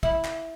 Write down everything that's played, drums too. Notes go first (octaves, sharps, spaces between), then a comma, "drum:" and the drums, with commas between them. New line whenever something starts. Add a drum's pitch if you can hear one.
E4, drum: kick
drum: clap